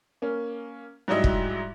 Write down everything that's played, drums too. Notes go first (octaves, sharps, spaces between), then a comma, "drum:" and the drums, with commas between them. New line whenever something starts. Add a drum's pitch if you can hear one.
A#3 C#4
G#2 F#3 G3 E4 D#5 E5
drum: kick